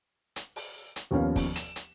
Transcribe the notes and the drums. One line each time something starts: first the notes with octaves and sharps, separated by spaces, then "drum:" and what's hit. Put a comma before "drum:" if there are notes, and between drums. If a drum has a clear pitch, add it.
drum: hi-hat
drum: open hi-hat
drum: hi-hat
D#2 F3 B3 C#4 F5
drum: kick, open hi-hat
E7, drum: hi-hat
drum: hi-hat